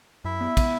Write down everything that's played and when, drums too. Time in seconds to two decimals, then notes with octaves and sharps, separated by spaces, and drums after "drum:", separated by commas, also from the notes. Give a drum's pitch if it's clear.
0.25 F#2 E4 E5
0.41 B3
0.57 B3, drum: kick, cymbal